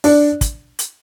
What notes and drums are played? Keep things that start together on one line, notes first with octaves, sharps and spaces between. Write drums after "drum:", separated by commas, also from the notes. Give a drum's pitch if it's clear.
D4, drum: open hi-hat
drum: kick, hi-hat
drum: hi-hat